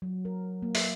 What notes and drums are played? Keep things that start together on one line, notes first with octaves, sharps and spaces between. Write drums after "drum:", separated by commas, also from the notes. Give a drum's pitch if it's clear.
F#3
A#4
A#3
E5, drum: open hi-hat